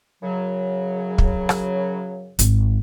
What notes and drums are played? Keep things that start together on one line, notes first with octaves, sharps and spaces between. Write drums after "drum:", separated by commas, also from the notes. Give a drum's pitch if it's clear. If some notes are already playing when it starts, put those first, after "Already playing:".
F#2 C#3 F#3
drum: kick
drum: rim click
G#1, drum: hi-hat